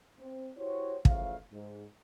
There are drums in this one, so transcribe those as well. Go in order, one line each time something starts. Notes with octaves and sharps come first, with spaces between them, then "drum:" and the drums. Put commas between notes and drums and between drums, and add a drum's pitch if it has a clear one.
C4
E4 F#4 G4 C5 C#5
A1 C#3 F3 A3 F5, drum: kick
G#2